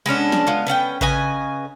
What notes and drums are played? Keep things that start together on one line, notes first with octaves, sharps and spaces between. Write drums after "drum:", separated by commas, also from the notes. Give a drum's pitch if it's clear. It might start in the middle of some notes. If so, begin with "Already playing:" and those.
G#3 B3 C#4 D4
drum: snare
G#3 B3 F4
B3 C#4 F#5 G5
C#3 B4 D#5 G#5, drum: kick A1